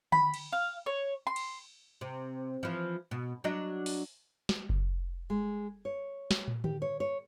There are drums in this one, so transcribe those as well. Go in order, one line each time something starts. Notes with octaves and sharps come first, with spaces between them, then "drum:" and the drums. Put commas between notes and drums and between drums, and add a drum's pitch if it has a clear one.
B5, drum: tom D3
drum: cymbal
F5
C#5
C6
drum: cymbal
C3
E3 F3
B2
F#3 D4 D#5
drum: open hi-hat
drum: snare
drum: kick F#1
G#3
C#5
drum: snare
drum: tom
G4, drum: tom D3
C#5
C#5